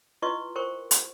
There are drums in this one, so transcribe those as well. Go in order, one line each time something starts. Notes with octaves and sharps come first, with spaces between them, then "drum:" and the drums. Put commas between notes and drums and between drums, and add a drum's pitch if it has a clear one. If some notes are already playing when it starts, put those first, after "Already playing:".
E4 F4 B4 D#5 C6 C#6
A#4 C5 G5 C#6
drum: hi-hat